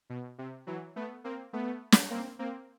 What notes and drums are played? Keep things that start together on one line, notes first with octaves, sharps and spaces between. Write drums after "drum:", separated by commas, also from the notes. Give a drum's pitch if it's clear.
B2
C3
E3 F#3
A3 B3
A#3 C4
A3 B3
drum: snare
A#3 C4
A#3 C4